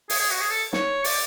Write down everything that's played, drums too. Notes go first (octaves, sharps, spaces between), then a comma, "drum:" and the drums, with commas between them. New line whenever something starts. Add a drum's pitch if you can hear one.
G#4, drum: open hi-hat
G#4
F#4
G#4
A4
C#5, drum: snare
D5, drum: open hi-hat